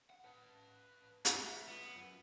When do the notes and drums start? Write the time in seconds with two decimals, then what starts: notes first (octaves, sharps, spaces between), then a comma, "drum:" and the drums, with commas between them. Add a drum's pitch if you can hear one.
0.10 F#5
0.24 B4 A5
1.25 drum: hi-hat
1.44 G#3 E5
1.68 B3 F4 B4
1.95 F#2